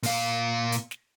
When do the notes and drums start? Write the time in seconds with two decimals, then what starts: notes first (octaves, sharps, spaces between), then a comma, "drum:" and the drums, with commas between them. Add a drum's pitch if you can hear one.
0.03 A#2 F5, drum: open hi-hat
0.72 drum: hi-hat
0.91 drum: snare